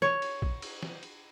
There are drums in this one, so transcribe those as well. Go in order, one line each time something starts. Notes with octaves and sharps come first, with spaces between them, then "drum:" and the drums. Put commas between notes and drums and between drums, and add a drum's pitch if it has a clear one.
C#5, drum: snare
drum: cymbal
drum: kick
drum: cymbal
drum: snare
drum: cymbal